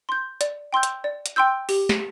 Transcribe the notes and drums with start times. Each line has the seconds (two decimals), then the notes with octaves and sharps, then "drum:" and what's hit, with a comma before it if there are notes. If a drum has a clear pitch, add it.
0.09 C6 G6
0.41 D5, drum: hi-hat
0.73 G5 C6 E6 G6
0.83 drum: hi-hat
1.04 D5
1.26 drum: hi-hat
1.36 G5 C6 E6 G6
1.69 G4, drum: open hi-hat
1.89 drum: snare